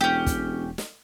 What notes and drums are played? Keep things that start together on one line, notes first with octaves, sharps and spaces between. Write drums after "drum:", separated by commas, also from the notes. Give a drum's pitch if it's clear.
E1 C#4 G4
drum: kick, hi-hat
drum: snare